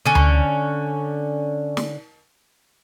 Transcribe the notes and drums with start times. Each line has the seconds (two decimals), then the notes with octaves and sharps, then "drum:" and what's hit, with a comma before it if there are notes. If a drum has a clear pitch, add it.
0.06 D3 C#4
0.15 drum: tom D2
1.77 drum: snare